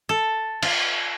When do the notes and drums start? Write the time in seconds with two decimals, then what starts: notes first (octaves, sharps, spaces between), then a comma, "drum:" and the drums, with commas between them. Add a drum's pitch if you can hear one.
0.09 A4
0.63 F4, drum: cymbal